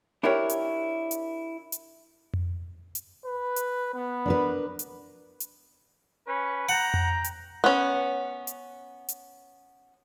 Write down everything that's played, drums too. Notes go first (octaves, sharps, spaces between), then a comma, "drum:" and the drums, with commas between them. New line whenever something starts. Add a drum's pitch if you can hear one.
D4 E4 G4 A#4 C#5 G5
drum: hi-hat
drum: hi-hat
drum: hi-hat
drum: tom F2
drum: hi-hat
B4
drum: hi-hat
B3
D4 A#4 B4
drum: hi-hat
drum: hi-hat
C#4 B4
F#5 G5 A#5
drum: tom F2
drum: hi-hat
B3 C#4
drum: hi-hat
drum: hi-hat